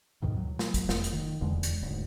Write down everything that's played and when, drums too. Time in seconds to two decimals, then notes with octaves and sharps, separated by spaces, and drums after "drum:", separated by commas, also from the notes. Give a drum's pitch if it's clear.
0.22 D2 G#2 B2 D#3
0.37 F#3
0.59 drum: snare
0.74 drum: kick, hi-hat
0.89 F1, drum: snare
1.04 drum: hi-hat
1.13 D#3
1.41 D#1 E2 D3 G#3
1.63 drum: hi-hat
1.82 D1 D2 G#2